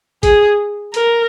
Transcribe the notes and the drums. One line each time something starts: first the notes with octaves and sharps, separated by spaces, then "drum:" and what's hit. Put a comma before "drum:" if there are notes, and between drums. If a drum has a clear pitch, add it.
G#4, drum: kick G#1, hi-hat
A#4, drum: hi-hat